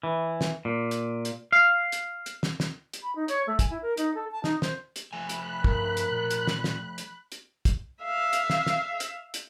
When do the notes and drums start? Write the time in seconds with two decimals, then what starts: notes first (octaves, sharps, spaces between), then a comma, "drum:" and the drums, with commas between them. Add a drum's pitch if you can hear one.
0.04 E3
0.41 drum: snare
0.65 A#2
0.91 drum: hi-hat
1.25 drum: hi-hat
1.53 F5
1.92 drum: hi-hat
2.26 drum: hi-hat
2.43 drum: snare
2.60 drum: snare
2.93 drum: hi-hat
3.03 B5
3.16 D#4
3.28 C#5, drum: hi-hat
3.47 A3
3.59 G#5, drum: kick, hi-hat
3.70 E4
3.82 A#4
3.97 D#4, drum: hi-hat
4.15 A4
4.31 A5
4.44 D#4, drum: snare
4.62 C5, drum: snare
4.96 drum: hi-hat
5.13 F3 A3 G#5 B5 F#6
5.29 drum: hi-hat
5.64 G2 A#4, drum: kick
5.97 drum: hi-hat
6.12 A#2
6.31 drum: hi-hat
6.47 drum: snare
6.64 drum: snare
6.98 drum: hi-hat
7.32 drum: hi-hat
7.65 drum: kick, hi-hat
8.04 E5 F5
8.33 drum: hi-hat
8.50 drum: snare
8.66 drum: snare
9.00 drum: hi-hat
9.34 drum: hi-hat